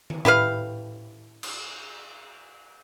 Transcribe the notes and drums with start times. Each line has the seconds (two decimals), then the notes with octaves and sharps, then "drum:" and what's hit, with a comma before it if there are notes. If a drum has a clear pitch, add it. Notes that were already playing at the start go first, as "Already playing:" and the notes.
0.10 drum: tom
0.25 E4 G4 B4 F5, drum: tom A2
1.43 drum: cymbal